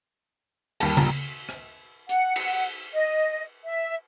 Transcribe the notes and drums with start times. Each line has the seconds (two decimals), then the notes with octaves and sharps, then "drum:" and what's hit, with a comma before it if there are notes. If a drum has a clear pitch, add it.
0.80 D#2 G3 A5, drum: cymbal
0.97 A#1 A#5, drum: tom C#3
1.49 drum: rim click
2.09 F#5, drum: hi-hat
2.36 drum: cymbal
2.93 D#5
3.65 E5